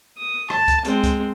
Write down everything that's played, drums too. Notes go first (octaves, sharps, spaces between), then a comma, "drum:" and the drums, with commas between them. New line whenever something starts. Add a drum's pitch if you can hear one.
D#6
A5, drum: rim click
drum: kick C#2, hi-hat
G#3 C4, drum: hi-hat
drum: kick C#2, hi-hat